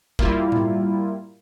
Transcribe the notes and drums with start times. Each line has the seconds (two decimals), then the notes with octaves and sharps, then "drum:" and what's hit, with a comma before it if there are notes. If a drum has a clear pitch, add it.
0.19 G3 A#3 E4 F4, drum: kick
0.52 drum: tom A2